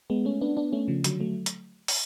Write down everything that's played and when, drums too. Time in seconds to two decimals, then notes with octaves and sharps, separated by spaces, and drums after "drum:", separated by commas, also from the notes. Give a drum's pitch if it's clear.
0.10 G#3 B3
0.25 A3 C#4
0.41 B3 D4
0.57 B3 D4
0.72 A3 C#4
0.88 C#3 F3
1.04 D3 F#3, drum: hi-hat
1.20 F#3 A3
1.46 drum: hi-hat
1.88 drum: open hi-hat